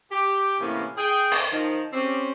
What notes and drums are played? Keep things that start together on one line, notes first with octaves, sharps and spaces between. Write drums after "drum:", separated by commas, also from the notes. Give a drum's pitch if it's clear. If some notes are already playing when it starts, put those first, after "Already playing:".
G4
A2 C3 E3 A#3 B3 C#4
G#4 G5
drum: open hi-hat
D#3 F3
C4 C#4 G4